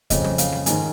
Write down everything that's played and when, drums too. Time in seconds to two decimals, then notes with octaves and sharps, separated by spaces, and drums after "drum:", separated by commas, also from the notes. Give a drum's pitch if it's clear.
0.10 F2 C#3 D#5, drum: kick, hi-hat
0.24 drum: tom
0.38 F5, drum: hi-hat
0.52 drum: snare G3
0.66 G#2 D#3 G#5, drum: hi-hat